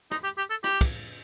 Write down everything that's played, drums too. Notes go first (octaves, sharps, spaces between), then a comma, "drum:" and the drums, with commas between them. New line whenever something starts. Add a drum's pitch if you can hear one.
D#4, drum: rim click
G4
G4
A4
G4, drum: rim click
drum: kick, cymbal